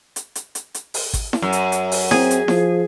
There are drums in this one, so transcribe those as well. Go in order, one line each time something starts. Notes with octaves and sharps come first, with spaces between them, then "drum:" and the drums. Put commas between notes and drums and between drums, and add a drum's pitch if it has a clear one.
drum: hi-hat
drum: hi-hat
drum: hi-hat
drum: hi-hat
drum: open hi-hat
drum: kick G#1, hi-hat
drum: snare E4
F#2
drum: hi-hat
drum: hi-hat
drum: open hi-hat
C4 G#4, drum: snare E4
drum: hi-hat
F3, drum: snare E4